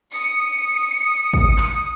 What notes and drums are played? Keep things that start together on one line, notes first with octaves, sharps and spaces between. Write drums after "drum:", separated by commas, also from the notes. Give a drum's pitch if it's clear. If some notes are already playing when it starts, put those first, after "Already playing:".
D#6 C#7
drum: kick
drum: clap